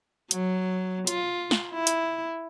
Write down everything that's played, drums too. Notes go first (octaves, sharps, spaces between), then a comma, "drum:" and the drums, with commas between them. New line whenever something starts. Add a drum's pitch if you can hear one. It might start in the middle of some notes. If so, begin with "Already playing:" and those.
F#3, drum: hi-hat
F4, drum: hi-hat
drum: snare
E4
drum: hi-hat